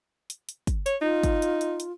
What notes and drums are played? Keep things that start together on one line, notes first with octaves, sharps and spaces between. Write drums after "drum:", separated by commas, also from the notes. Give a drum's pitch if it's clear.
drum: hi-hat
drum: hi-hat
drum: kick, hi-hat
C#5, drum: hi-hat
D#4 F4
drum: kick, hi-hat
drum: hi-hat
drum: hi-hat
drum: hi-hat